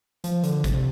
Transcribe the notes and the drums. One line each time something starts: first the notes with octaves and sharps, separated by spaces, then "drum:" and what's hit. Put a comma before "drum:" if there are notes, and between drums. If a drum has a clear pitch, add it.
F3, drum: hi-hat
D3, drum: hi-hat
C3, drum: kick, hi-hat